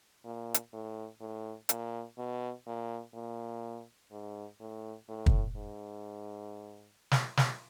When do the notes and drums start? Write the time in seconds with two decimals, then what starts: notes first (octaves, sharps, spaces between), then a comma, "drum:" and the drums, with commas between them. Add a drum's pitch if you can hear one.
0.24 A#2
0.54 drum: hi-hat
0.73 A2
1.20 A2
1.69 A#2, drum: hi-hat
2.18 B2
2.66 A#2
3.14 A#2
4.11 G#2
4.60 A2
5.08 A2
5.26 drum: kick
5.56 G#2
7.11 drum: snare
7.37 drum: snare